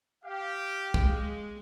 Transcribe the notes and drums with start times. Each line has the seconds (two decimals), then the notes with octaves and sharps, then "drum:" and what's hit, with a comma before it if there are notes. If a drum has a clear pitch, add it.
0.24 G4 F5
0.94 G#3, drum: kick